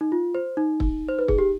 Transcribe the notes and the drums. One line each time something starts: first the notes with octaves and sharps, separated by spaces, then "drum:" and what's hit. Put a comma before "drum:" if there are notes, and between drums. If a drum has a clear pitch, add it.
D#4
F4
C5
D#4
drum: kick
C5
B4
G#4, drum: kick
G4